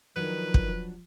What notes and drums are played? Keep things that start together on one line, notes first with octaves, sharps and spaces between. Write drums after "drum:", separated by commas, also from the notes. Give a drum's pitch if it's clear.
D#3 F3 F#3 D4 B4
drum: kick